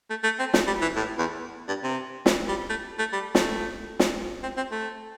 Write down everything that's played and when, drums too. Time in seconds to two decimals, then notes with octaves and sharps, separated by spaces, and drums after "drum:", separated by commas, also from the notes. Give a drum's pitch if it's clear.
0.10 A3
0.24 A3
0.39 C4
0.54 A3, drum: snare
0.67 G3
0.81 E3
0.96 A2
1.18 E2
1.68 G2
1.84 C3
2.26 E3, drum: snare
2.48 G3
2.70 A3
2.99 A3
3.13 G3
3.35 A3, drum: snare
3.99 drum: snare
4.43 C4
4.57 C4
4.72 A3